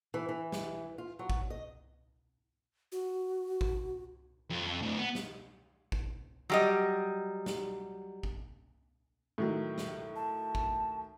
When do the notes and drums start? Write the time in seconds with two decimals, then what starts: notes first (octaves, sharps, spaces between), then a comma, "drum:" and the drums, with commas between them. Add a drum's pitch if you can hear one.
0.14 E3
0.29 E3
0.52 drum: snare
0.98 F4
1.19 F#3
1.30 drum: kick G#1
1.50 D#5
2.92 F#4
3.61 drum: kick G#1
4.50 F2
4.82 D2 A2
4.99 B3
5.15 drum: snare
5.92 drum: kick G#1
6.50 F#3 G3 D#5
7.46 drum: snare
8.23 drum: kick G#1
9.38 A2 D#3 F#3
9.78 drum: snare
10.16 A5
10.55 drum: kick G#1